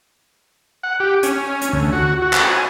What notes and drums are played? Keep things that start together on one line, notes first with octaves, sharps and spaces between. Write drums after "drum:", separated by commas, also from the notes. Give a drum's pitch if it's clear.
F#5
G4
C#4, drum: hi-hat
drum: hi-hat
D2
F#4
F#4
drum: clap
G#5